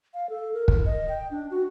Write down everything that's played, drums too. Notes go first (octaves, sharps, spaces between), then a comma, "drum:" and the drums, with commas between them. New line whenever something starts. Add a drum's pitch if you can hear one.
F5
A4
A#4
drum: kick
D#5
G5
D4
F#4